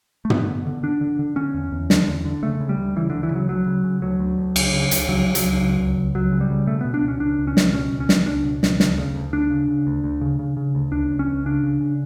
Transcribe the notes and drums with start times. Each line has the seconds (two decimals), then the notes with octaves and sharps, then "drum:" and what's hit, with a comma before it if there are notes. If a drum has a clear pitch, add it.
0.25 A3
0.30 D3 B3, drum: tom
0.48 D3
0.66 D3
0.83 D3 D4
1.01 D3
1.19 D3
1.36 D3 C#4
1.54 E2
1.72 E2
1.90 D3, drum: snare
2.08 E2
2.25 D3
2.42 C#3 A3
2.60 C#3
2.69 G3
2.78 D2
2.96 C#3 E3
3.10 D2 D3
3.23 E3
3.31 C#3 F#3
3.49 D2 F#3
3.66 C#3
3.84 C#3
4.02 D2 F#3
4.19 D2
4.38 D2
4.56 C#2, drum: cymbal
4.73 C#3
4.91 C#2, drum: hi-hat
5.08 C#2 F#3
5.26 C#2
5.35 F#3, drum: hi-hat
5.44 C#2
5.61 C#2
5.79 C#2
5.97 C#2
6.14 C#2 F#3
6.32 C#3
6.41 G3
6.50 C#3
6.67 B2 A3
6.81 B2 B3
6.94 D4
7.02 C#2
7.08 C#4
7.20 C#2 D4
7.38 C#2
7.47 C#4
7.57 C#2, drum: snare
7.73 B2 C#4
7.92 C#2
8.00 C#4
8.09 C#2, drum: snare
8.26 C#2 D4
8.44 B2
8.63 C#2, drum: snare
8.80 D2, drum: snare
8.98 C#3
9.15 D2
9.33 D2 D4
9.50 C#3
9.68 C#3
9.87 D2
10.04 D2
10.21 C#3
10.39 C#3
10.57 C#3
10.75 D2
10.92 C#2 D4
11.10 C#2
11.19 C#4
11.27 C#2
11.46 C#3 D4
11.63 C#3
11.81 C#3